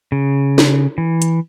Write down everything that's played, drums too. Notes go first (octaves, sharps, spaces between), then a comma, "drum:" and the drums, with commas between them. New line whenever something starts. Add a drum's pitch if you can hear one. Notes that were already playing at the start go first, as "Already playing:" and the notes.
C#3
drum: snare
E3
drum: hi-hat